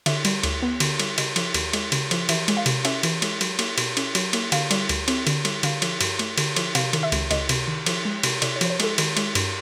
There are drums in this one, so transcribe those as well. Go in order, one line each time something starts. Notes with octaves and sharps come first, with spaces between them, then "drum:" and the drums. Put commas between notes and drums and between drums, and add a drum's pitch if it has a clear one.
D3 E5, drum: cymbal
G3, drum: cymbal
D2, drum: cymbal
B3
D3, drum: cymbal
G3, drum: cymbal
C#3 D#5, drum: cymbal
F3, drum: cymbal
D#2, drum: cymbal
G#3, drum: cymbal
C#3, drum: cymbal
F3, drum: cymbal
E3 E5, drum: cymbal
G#3, drum: cymbal
F5
C3, drum: cymbal
C#4 E5, drum: cymbal
E3, drum: cymbal
G#3, drum: cymbal
F#3, drum: cymbal
A#3, drum: cymbal
B2, drum: cymbal
C#4, drum: cymbal
F#3, drum: cymbal
A#3, drum: cymbal
D3 F5, drum: cymbal
G3, drum: cymbal
D2, drum: cymbal
C4, drum: cymbal
D3, drum: cymbal
G3, drum: cymbal
D3 F5, drum: cymbal
F3, drum: cymbal
G2, drum: cymbal
A3, drum: cymbal
D3, drum: cymbal
F3, drum: cymbal
C3 F5, drum: cymbal
D#3, drum: cymbal
E5
C#2, drum: cymbal
C#2 D#5, drum: cymbal
C3, drum: cymbal
D#3
F3, drum: cymbal
G#3
C3, drum: cymbal
C3 D5, drum: cymbal
C#5
F3 C5, drum: cymbal
C#5
G#3 A4, drum: cymbal
D#3, drum: cymbal
G#3, drum: cymbal
G2, drum: cymbal